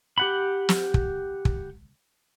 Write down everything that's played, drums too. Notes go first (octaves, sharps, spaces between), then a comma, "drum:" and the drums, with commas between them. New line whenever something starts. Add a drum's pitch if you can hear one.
G4 F#5 B5
drum: snare
drum: kick
drum: kick